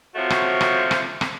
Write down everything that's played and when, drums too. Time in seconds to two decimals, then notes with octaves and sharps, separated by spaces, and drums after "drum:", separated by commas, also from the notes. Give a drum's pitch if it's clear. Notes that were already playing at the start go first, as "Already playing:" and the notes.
0.15 C3 F3 A3 F#4 C#5
0.30 drum: rim click
0.61 drum: rim click
0.91 drum: rim click
1.21 drum: rim click